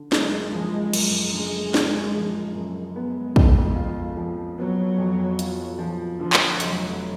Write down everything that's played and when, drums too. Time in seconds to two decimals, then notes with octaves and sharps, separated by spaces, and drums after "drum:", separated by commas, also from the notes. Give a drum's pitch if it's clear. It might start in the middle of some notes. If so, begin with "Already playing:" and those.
Already playing: D3
0.12 F#1 G#3, drum: snare
0.52 F3 G#3
0.93 F#2, drum: cymbal
1.33 D3 G#3
1.74 F#1, drum: snare
2.14 F3
2.55 F#2
2.96 G#3 B3
3.36 F2, drum: kick
3.76 F4
4.17 F3
4.58 F#3 B3
4.98 F2
5.39 F4, drum: hi-hat
5.79 F3
6.19 D3 F3
6.33 drum: clap
6.60 F1 F#3, drum: hi-hat